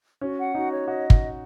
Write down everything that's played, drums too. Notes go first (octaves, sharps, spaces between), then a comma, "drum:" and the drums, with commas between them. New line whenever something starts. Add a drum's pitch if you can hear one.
C#4 F#4
F#5
D#4 F#4
C#5
F#4 D#5
drum: kick